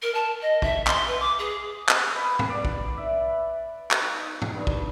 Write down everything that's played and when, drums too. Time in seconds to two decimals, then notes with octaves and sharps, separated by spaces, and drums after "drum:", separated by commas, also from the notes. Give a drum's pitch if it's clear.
0.02 A#4
0.14 A5
0.41 D#5
0.62 E5, drum: kick
0.87 C6, drum: clap
1.07 B4
1.19 D6
1.38 G#4
1.89 drum: clap
2.14 B4
2.39 drum: tom
2.50 D5
2.65 drum: kick
2.97 E5
3.91 drum: clap
4.01 D#4
4.42 drum: tom
4.55 G2
4.67 drum: kick